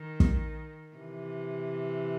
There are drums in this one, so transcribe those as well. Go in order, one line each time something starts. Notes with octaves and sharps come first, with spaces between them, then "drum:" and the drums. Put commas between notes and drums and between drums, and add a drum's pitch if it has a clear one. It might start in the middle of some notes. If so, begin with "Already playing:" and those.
Already playing: D#3
drum: kick
C3 E3